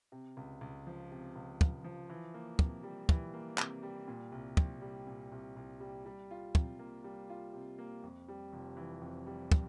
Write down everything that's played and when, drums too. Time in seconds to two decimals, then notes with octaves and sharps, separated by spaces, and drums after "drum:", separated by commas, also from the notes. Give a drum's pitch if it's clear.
0.12 C3
0.37 C#2
0.61 C#2
0.87 F3
1.11 C3
1.36 C#2
1.61 C#2, drum: kick
1.84 F3
2.10 E3
2.34 A#3
2.59 C3, drum: kick
2.83 G3
3.09 E3, drum: kick
3.33 A#3
3.58 C3, drum: clap
3.83 G3
4.08 A#2
4.32 C2
4.57 C2, drum: kick
4.82 G3
5.07 A#2
5.32 C2
5.57 C2
5.80 G3
6.06 G3
6.31 F4
6.55 C3, drum: kick
6.79 A#3
7.04 G3
7.30 F4
7.54 C3
7.78 A#3
8.04 F2
8.28 G3
8.53 F1
8.77 E3
9.01 F2
9.27 G3
9.52 drum: kick